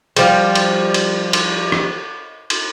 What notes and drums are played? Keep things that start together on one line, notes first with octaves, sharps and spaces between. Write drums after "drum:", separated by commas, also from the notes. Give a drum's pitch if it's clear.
F3 G3, drum: cymbal
drum: cymbal
drum: cymbal
drum: cymbal
drum: rim click
drum: cymbal